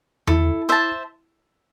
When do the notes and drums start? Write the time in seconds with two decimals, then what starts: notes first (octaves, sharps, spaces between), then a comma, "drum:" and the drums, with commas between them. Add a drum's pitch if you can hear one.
0.27 E4 A4, drum: tom E2
0.69 C5 E5 A5